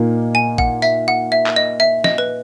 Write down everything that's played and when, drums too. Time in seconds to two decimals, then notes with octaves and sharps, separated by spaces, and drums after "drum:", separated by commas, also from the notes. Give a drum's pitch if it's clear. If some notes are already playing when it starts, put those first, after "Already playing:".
Already playing: A#2 A#3 D#4
0.35 G#5
0.58 F#5, drum: kick A1
0.82 E5, drum: tambourine
1.08 F#5
1.32 E5
1.46 drum: clap
1.56 D#5
1.80 E5
2.04 D#5, drum: snare
2.18 B4